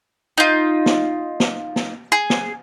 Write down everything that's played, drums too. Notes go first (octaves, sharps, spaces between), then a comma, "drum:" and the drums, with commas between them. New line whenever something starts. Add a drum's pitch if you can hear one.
D#4 F4
drum: snare
drum: snare
drum: snare
G#4
drum: snare